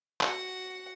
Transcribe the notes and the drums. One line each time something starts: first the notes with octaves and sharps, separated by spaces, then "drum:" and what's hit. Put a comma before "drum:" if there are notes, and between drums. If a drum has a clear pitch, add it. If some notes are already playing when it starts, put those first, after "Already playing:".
F#4 F#5, drum: clap